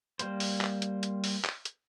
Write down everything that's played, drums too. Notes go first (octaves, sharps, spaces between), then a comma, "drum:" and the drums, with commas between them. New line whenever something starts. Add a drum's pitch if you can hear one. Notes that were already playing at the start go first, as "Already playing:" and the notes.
G3 A#3 C5, drum: hi-hat
drum: open hi-hat
drum: clap
drum: hi-hat
drum: hi-hat
drum: open hi-hat
drum: clap
drum: hi-hat